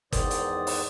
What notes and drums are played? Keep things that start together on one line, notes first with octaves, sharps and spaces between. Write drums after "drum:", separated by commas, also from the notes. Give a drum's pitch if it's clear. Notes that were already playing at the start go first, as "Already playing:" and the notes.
E2 G#2 D#3 C5 D5 D#6, drum: kick, hi-hat
drum: hi-hat
drum: open hi-hat